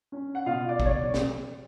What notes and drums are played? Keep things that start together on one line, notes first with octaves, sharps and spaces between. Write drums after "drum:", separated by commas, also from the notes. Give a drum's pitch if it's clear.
C#4
F#5
B2 F4 F5
D5
B2, drum: kick
C#5
D5
drum: snare